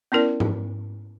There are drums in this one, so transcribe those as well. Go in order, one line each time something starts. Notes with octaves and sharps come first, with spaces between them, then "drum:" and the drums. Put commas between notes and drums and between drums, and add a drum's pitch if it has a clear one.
B3 C#4 E4 A#4 D5
drum: tom G#2